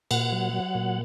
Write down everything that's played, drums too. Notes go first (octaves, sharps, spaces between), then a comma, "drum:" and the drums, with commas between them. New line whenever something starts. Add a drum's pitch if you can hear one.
A#2 F#5, drum: cymbal
F#3
F#3
A#2